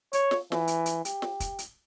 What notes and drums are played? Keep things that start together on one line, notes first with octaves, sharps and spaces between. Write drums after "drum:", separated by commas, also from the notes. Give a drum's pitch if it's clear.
C#5, drum: hi-hat
drum: snare
E3, drum: snare
drum: hi-hat
drum: hi-hat
G4, drum: hi-hat
drum: snare
drum: kick, hi-hat
drum: hi-hat